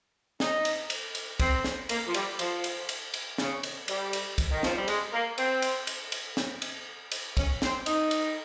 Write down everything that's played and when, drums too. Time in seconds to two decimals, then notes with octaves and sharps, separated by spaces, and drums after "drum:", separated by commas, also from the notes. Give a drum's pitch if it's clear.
0.40 D#4, drum: snare
0.65 drum: cymbal
0.90 drum: cymbal
1.15 drum: cymbal
1.40 C4, drum: kick, cymbal
1.64 drum: snare
1.89 A#3, drum: cymbal
2.07 F3
2.14 G3, drum: cymbal
2.39 F3, drum: cymbal
2.64 drum: cymbal
2.89 drum: cymbal
3.14 drum: cymbal
3.38 C#3, drum: snare
3.63 drum: cymbal
3.88 G3, drum: cymbal
4.13 drum: cymbal
4.38 drum: kick, cymbal
4.51 D#3
4.63 F3, drum: snare
4.75 G3
4.88 G#3, drum: cymbal
5.13 A#3
5.38 C4, drum: cymbal
5.62 drum: cymbal
5.87 drum: cymbal
6.12 drum: cymbal
6.37 drum: snare
6.62 drum: cymbal
7.12 drum: cymbal
7.37 C#4, drum: kick, cymbal
7.62 C4, drum: snare
7.86 D#4, drum: cymbal
8.11 drum: cymbal